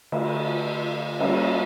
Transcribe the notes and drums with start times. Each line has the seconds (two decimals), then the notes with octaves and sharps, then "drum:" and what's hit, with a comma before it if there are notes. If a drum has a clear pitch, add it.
0.12 D3 A3 F4, drum: cymbal
1.20 G3 A#3 C#4, drum: cymbal